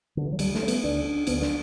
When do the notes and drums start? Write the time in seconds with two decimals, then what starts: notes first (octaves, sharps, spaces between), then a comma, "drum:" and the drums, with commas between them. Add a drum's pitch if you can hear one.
0.17 D3
0.25 E3
0.32 F#3
0.39 D2 D3 G3, drum: cymbal
0.55 A3, drum: snare
0.63 C#4
0.68 B3, drum: cymbal
0.84 D2 D3 D4
1.05 D4
1.27 D2 D3 B3, drum: cymbal
1.42 D4, drum: snare